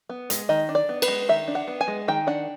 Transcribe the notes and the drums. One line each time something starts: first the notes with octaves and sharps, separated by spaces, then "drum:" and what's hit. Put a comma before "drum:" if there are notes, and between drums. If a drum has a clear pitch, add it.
B3
G#3, drum: hi-hat
D#3 D#5
D4
D5
B3
B4, drum: cymbal
G#3
D#3 E5
D4
F#5
B3
G#5
G#3
D#3 G5
D4 F#5